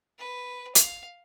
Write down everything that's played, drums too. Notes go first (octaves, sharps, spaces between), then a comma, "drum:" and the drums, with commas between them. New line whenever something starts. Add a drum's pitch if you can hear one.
B4
F5, drum: hi-hat